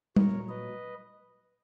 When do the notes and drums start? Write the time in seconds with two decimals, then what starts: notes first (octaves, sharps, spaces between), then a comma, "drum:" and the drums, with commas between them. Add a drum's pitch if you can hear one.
0.16 A#2 F#3 A#4 C#5, drum: tom G3
0.49 B4 D#5